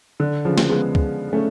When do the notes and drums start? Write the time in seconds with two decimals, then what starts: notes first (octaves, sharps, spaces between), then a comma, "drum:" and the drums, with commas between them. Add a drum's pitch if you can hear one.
0.20 D3
0.45 C#3 F3
0.58 drum: snare
0.70 G#3 B3
0.95 drum: kick
1.33 A3 C#4